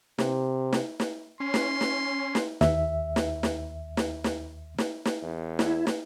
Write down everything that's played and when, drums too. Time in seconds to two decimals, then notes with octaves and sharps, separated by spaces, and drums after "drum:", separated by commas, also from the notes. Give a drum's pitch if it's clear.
0.18 C3, drum: snare
0.73 drum: snare
1.00 drum: snare
1.40 C#4 C6
1.54 drum: snare
1.81 drum: snare
2.35 drum: snare
2.61 D#2 E5, drum: snare
3.16 drum: snare
3.43 drum: snare
3.97 drum: snare
4.24 drum: snare
4.78 drum: snare
5.05 drum: snare
5.22 E2
5.59 E4, drum: snare
5.87 drum: snare